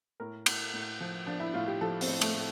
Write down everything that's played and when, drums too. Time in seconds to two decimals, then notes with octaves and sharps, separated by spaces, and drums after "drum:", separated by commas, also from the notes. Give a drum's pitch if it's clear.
0.20 A2 A#4
0.46 A2, drum: cymbal
0.73 A2
1.01 F3
1.26 F3 D4
1.40 E4
1.54 A2 F4
1.67 G4
1.81 F3 A4
2.01 C4, drum: open hi-hat
2.08 A2
2.21 A3, drum: cymbal
2.35 A2